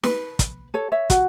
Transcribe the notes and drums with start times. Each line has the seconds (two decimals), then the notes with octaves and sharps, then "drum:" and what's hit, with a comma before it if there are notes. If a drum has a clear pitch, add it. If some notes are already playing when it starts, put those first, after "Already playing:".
0.03 B4, drum: snare
0.39 drum: kick, hi-hat
0.74 A4 C#5
0.92 C#5 E5
1.10 F#4, drum: kick, hi-hat